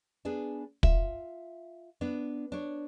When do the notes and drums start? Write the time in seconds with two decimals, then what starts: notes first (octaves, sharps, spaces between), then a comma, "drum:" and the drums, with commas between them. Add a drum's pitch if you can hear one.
0.25 B3 D4 G#4
0.83 F4 E5, drum: kick
2.01 B3 D4
2.52 D4 C#5